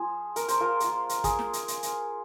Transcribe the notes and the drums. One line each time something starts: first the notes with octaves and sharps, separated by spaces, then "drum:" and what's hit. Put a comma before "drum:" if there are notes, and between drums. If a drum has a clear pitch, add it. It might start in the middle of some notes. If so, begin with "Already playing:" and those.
Already playing: F3 F4 G#4 C5
A#4, drum: hi-hat
C5, drum: hi-hat
F4 A#4
A#3 F4, drum: hi-hat
drum: hi-hat
G#4, drum: kick, hi-hat
drum: snare
drum: hi-hat
drum: hi-hat
drum: hi-hat